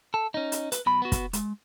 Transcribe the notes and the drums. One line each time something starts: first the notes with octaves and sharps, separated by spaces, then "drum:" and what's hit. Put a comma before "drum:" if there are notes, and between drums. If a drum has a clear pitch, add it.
A4
C#4 D#4
drum: hi-hat
B4, drum: hi-hat
B1 B2 B5
B3 F#4
drum: kick, hi-hat
G#3, drum: hi-hat